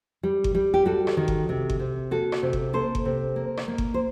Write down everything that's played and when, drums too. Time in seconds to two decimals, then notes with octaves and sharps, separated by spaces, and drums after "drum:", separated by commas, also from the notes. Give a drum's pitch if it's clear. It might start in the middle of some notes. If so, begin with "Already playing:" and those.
0.23 G3
0.44 drum: kick G1
0.55 G3
0.74 G4
0.86 G3 F#4 A4
1.07 drum: rim click
1.17 D#3
1.28 drum: kick G1
1.49 C3
1.70 drum: kick G1
1.79 C3
2.11 A#3 F#4 A4
2.32 drum: rim click
2.43 C3
2.53 drum: kick G1
2.73 A#3 A4 C5
2.95 drum: kick G1
3.05 C3
3.36 A#3
3.57 drum: rim click
3.68 A#3
3.78 drum: kick G1
3.94 C5